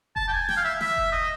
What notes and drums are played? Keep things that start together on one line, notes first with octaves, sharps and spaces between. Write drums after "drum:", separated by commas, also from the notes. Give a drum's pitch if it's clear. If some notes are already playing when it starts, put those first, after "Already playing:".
A5, drum: kick F1
G5
G#5
G5, drum: snare
F5
E5
E5, drum: snare
drum: kick F1
D#5